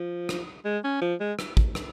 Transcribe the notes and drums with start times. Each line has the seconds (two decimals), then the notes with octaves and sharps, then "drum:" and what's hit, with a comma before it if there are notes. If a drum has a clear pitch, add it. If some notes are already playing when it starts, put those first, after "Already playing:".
Already playing: F3
0.29 drum: rim click
0.65 G#3
0.84 C#4
1.02 F3
1.20 G#3
1.39 drum: rim click
1.57 drum: kick
1.75 drum: rim click